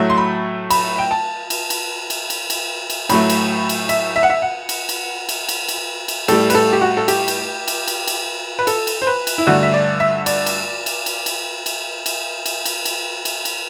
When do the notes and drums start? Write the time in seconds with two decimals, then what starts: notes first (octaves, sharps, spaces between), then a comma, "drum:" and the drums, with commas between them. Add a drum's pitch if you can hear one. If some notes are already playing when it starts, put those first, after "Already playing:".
Already playing: A2 F#3 A3
0.10 C6
0.18 B5
0.70 B5, drum: cymbal
0.98 G5
1.11 A5
1.50 drum: cymbal
1.70 drum: cymbal
2.10 drum: cymbal
2.30 drum: cymbal
2.50 drum: cymbal
2.90 drum: cymbal
3.09 A2 F#3 A3 B5, drum: cymbal
3.29 drum: cymbal
3.69 drum: cymbal
3.89 E5, drum: cymbal
4.16 E5
4.23 F#5
4.30 E5
4.42 F#5
4.69 drum: cymbal
4.89 drum: cymbal
5.29 drum: cymbal
5.49 drum: cymbal
5.68 drum: cymbal
6.08 drum: cymbal
6.28 A2 G3 A4, drum: cymbal
6.50 B4, drum: cymbal
6.55 A4
6.73 G4
6.81 F#4
6.97 A4
7.08 G4, drum: cymbal
7.28 drum: cymbal
7.68 drum: cymbal
7.88 drum: cymbal
8.07 drum: cymbal
8.59 B4
8.67 A4, drum: cymbal
8.87 drum: cymbal
9.02 C5
9.07 B4
9.27 drum: cymbal
9.38 E4
9.47 G2 D3 A3 F#4
9.63 E5
9.74 D5
10.00 E5
10.26 D5, drum: cymbal
10.46 drum: cymbal
10.86 drum: cymbal
11.06 drum: cymbal
11.26 drum: cymbal
11.66 drum: cymbal
12.06 drum: cymbal
12.46 drum: cymbal
12.65 drum: cymbal
12.85 drum: cymbal
13.25 drum: cymbal
13.45 drum: cymbal